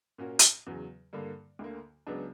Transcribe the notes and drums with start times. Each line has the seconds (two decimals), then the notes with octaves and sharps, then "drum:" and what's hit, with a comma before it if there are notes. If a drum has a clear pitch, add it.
0.18 A#2 A#3 C#4 F#4 A#4
0.39 drum: hi-hat
0.66 E2 C#3 F#3
1.13 G2 D3 A#3
1.59 D2 D3 A#3
2.07 C#2 C#3 F#3 B3 D4